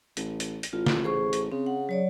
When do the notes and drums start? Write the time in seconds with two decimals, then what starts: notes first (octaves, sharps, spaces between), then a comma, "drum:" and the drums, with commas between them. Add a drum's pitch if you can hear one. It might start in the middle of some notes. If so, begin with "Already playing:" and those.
0.17 A1, drum: hi-hat
0.40 drum: hi-hat
0.63 drum: hi-hat
0.73 A1 F4
0.86 drum: snare
1.04 G#4 C5 C#6
1.33 drum: hi-hat
1.52 C#3 C4
1.66 F#5
1.89 F#3 C#5 D5